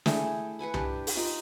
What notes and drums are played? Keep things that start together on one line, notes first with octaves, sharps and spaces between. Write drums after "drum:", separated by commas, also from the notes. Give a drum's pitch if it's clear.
A3 E4 G#4 G5, drum: snare
B4 F#5 G#5 B5
D4 G4, drum: tom C2
drum: open hi-hat
D#4 F4